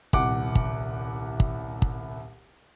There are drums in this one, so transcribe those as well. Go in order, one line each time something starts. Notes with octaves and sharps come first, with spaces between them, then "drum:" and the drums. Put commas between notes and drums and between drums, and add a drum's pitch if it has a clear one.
D#1 C2 F#5 D6, drum: kick
drum: kick
drum: kick
drum: kick